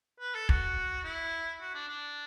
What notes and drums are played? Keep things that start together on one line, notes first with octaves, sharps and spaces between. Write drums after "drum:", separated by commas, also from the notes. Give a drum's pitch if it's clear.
B4
A4
F#4, drum: kick
E4
F#4
D4
D4